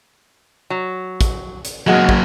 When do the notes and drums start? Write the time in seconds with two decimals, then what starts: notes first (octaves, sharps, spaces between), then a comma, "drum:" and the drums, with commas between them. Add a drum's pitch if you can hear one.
0.70 F#3
1.21 drum: kick, hi-hat
1.65 drum: hi-hat
1.87 B2 F#3 G#3 A#3 F#4
2.09 drum: kick